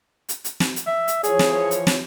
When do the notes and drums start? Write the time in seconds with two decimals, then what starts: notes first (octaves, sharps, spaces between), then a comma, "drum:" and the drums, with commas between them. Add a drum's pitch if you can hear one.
0.29 drum: hi-hat
0.44 drum: hi-hat
0.60 drum: snare
0.76 drum: hi-hat
0.87 E5
1.08 drum: hi-hat
1.23 E3 F3 G#4 C#5, drum: hi-hat
1.39 drum: snare
1.71 drum: hi-hat
1.87 drum: snare